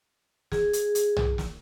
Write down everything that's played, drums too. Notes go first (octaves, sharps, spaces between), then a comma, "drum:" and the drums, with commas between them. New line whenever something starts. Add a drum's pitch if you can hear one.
G#4, drum: snare
drum: hi-hat
drum: hi-hat
drum: tom B1
drum: snare